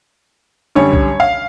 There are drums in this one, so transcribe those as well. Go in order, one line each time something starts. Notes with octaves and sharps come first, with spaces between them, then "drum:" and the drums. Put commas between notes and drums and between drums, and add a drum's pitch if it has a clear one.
F#2 D3 G3 C#5
drum: kick B1
F5